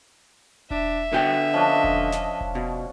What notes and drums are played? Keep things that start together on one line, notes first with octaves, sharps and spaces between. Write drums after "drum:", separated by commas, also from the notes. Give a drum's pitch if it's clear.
D4 E5, drum: kick E1
D3 B3 F#4 G5
F3 C#4 D4 D#5
drum: kick E1
drum: snare
drum: kick E1
B2